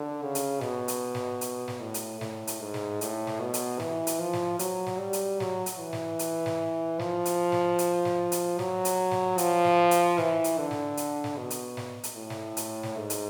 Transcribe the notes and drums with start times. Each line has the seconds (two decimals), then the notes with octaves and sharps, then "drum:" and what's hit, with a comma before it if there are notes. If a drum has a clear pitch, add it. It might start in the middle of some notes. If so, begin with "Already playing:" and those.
Already playing: D3
0.22 C#3
0.35 drum: hi-hat
0.61 B2, drum: snare
0.88 drum: hi-hat
1.15 drum: snare
1.41 drum: hi-hat
1.68 drum: snare
1.80 A2
1.94 drum: hi-hat
2.21 A2, drum: snare
2.47 drum: hi-hat
2.61 G#2
2.74 drum: snare
3.01 A2, drum: hi-hat
3.27 drum: snare
3.41 B2
3.54 drum: hi-hat
3.80 E3, drum: snare
4.07 drum: hi-hat
4.20 F3
4.33 drum: snare
4.59 F#3, drum: hi-hat
4.86 drum: snare
4.99 G3
5.13 drum: hi-hat
5.40 F#3, drum: snare
5.66 drum: hi-hat
5.79 E3
5.93 drum: snare
6.19 drum: hi-hat
6.46 drum: snare
6.99 F3, drum: snare
7.25 drum: hi-hat
7.52 drum: snare
7.79 drum: hi-hat
8.05 drum: snare
8.32 drum: hi-hat
8.59 F#3, drum: snare
8.85 drum: hi-hat
9.11 drum: snare
9.38 F3, drum: hi-hat
9.64 drum: snare
9.91 drum: hi-hat
10.18 E3, drum: snare
10.44 drum: hi-hat
10.58 D3
10.71 drum: snare
10.97 drum: hi-hat
11.24 drum: snare
11.37 B2
11.50 drum: hi-hat
11.77 drum: snare
12.04 drum: hi-hat
12.16 A2
12.30 drum: snare
12.57 drum: hi-hat
12.83 drum: snare
12.96 G#2
13.10 drum: hi-hat